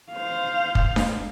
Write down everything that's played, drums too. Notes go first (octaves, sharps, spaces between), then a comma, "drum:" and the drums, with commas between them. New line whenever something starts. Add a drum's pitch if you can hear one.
C5 F5
drum: kick
drum: snare D4